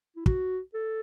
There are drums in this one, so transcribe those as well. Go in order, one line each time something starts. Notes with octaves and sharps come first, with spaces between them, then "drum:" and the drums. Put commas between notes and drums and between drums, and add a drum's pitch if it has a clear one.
E4
F#4, drum: kick
A4